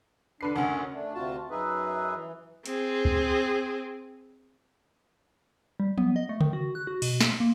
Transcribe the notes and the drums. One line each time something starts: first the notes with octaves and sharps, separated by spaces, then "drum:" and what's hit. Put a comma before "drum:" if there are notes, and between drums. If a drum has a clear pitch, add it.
D3 D4 B4 C7
F#1 D2 C#4 F#5
A3 D4
D2 C3 F4 F#4 A5
F#2 D#4 G#4 B4 E5
E3
C4 G#4, drum: hi-hat
drum: kick C#2
G3
B3, drum: tom F3
D#5
A3
D#3, drum: tom C#3
F#4
F#6
F#4
B2, drum: cymbal
C6, drum: snare
A#3